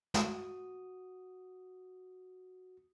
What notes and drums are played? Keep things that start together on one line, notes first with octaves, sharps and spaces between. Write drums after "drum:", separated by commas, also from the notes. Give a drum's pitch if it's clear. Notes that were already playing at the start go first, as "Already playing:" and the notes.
F#4 D#6, drum: snare